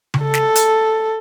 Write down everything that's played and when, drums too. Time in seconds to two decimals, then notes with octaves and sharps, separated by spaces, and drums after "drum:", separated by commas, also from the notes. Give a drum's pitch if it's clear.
0.14 drum: tom C#3
0.23 A4
0.34 drum: snare
0.55 drum: hi-hat